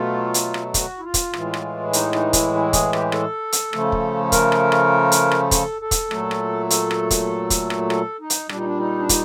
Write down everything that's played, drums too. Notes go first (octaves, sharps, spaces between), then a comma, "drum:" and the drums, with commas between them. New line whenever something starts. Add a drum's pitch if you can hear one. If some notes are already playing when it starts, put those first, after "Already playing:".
Already playing: B2 F#3 A3 F4
drum: hi-hat
drum: rim click
F#4, drum: kick, hi-hat
E4
F4
drum: kick, hi-hat
A2 E3 G#3, drum: rim click
drum: rim click
D#4, drum: hi-hat
D#4, drum: rim click
E4, drum: kick, hi-hat
E4
G#4, drum: kick, hi-hat
G4, drum: rim click
A4, drum: rim click
drum: hi-hat
C#3 F3 A3, drum: rim click
drum: kick
A#4, drum: kick, hi-hat
drum: rim click
drum: rim click
drum: hi-hat
drum: rim click
A4, drum: kick, hi-hat
A4
drum: kick, hi-hat
A#2 F#3 A3, drum: rim click
drum: rim click
A4, drum: hi-hat
drum: rim click
drum: kick, hi-hat
drum: kick, hi-hat
drum: rim click
A4, drum: rim click
D#4
drum: hi-hat
A#2 G3 D4, drum: rim click
D#4
D4
D#4
D4
D#4, drum: kick, hi-hat